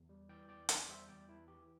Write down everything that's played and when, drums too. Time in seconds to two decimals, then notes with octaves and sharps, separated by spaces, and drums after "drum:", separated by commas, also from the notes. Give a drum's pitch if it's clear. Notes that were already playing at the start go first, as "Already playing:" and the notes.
Already playing: E2
0.09 G3
0.29 E3 D5 G5
0.49 E2 D5 G5
0.69 E2 D5 G5, drum: hi-hat
0.88 G3 C5 E5
1.09 E2 D5 G5
1.29 E3 E4
1.48 E3 G4